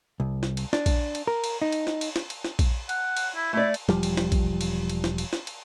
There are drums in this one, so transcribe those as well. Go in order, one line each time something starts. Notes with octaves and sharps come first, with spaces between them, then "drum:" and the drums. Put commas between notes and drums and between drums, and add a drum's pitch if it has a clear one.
C2
drum: snare
drum: cymbal
D4, drum: snare
drum: kick A#1, cymbal
drum: cymbal
A#4
drum: cymbal
D#4
drum: cymbal
drum: snare
drum: cymbal
drum: snare
drum: cymbal
drum: snare
drum: kick A#1, cymbal
F#5, drum: cymbal
drum: cymbal
E4
A3 E4 D5
drum: cymbal
E1 F3 G3, drum: snare
drum: cymbal
drum: snare
drum: kick A#1, cymbal
drum: cymbal
drum: cymbal
drum: snare
drum: cymbal
drum: snare
drum: cymbal